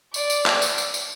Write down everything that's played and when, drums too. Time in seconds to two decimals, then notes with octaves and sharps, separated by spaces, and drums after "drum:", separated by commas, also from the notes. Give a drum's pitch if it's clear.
0.14 D5, drum: tambourine
0.30 drum: tambourine
0.46 drum: clap
0.62 drum: tambourine
0.78 drum: tambourine
0.94 drum: tambourine